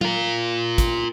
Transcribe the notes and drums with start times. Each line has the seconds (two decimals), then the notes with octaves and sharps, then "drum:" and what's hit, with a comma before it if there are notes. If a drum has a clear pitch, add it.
0.01 F4 A#4, drum: tom
0.78 drum: kick, hi-hat